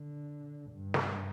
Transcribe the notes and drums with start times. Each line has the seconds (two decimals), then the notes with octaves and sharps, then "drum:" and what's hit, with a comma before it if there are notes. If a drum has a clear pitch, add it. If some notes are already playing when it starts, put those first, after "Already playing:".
Already playing: D3
0.71 G2
0.94 drum: snare